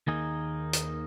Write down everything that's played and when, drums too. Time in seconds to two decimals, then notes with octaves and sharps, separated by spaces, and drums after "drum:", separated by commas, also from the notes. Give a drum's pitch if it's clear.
0.07 D#2 D#3 A#3 D#4 G#4
0.73 drum: hi-hat